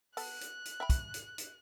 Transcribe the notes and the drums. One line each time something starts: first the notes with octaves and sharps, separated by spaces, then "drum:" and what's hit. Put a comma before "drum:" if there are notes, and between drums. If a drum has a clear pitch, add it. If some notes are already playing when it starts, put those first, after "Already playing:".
B3 A4 F#6, drum: open hi-hat
drum: hi-hat
drum: hi-hat
E5 G5 B5
drum: kick, hi-hat
drum: hi-hat
drum: hi-hat